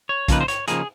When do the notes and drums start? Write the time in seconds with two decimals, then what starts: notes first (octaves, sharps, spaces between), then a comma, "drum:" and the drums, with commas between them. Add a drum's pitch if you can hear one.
0.09 C#5
0.28 C#3 F3 A#3 D#4 B4, drum: kick A#1, hi-hat
0.41 C5
0.48 C#5, drum: hi-hat
0.68 C#3 F3 A#3 D#4 G#4, drum: hi-hat